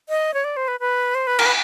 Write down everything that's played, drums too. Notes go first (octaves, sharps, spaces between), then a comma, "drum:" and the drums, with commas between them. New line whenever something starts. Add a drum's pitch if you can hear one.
D#5
C#5
D5
C5
B4
B4
C5
B4
A#4, drum: cymbal
B4